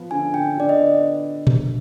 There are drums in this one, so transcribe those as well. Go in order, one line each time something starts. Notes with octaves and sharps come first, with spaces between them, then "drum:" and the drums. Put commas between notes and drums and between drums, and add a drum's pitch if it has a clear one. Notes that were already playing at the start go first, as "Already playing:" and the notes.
Already playing: F3 B3
D3 G#5
D3 G5
D3 D5
D#5
B3
drum: tom A#2